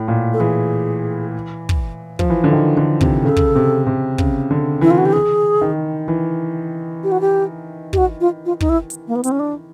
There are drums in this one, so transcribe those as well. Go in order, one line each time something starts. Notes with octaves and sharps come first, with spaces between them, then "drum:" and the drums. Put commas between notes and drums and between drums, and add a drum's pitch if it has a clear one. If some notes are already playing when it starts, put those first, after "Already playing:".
Already playing: A2
A#2
A4
E3 G#4
drum: kick
F3, drum: kick
E3
D3
D#3
D3
C3, drum: kick
C#3 A4
drum: kick
C3
C3
C#3, drum: kick
D3
E3 E4
F4
F#4
G4
G#4
D#3
E3
G4
F#4
G4
G4, drum: kick
F#4
F4
F4
D#4, drum: kick
E4
drum: hi-hat
A#3
B3
C4, drum: hi-hat
C#4
D4